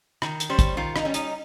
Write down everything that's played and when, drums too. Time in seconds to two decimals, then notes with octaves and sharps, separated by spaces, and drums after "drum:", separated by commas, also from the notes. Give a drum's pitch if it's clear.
0.22 D#3, drum: rim click
0.40 drum: hi-hat
0.50 G3 C#4 C5
0.59 drum: kick, hi-hat
0.77 D#3 F4
0.96 D#4, drum: rim click
1.05 G3 C#4
1.14 D#4, drum: hi-hat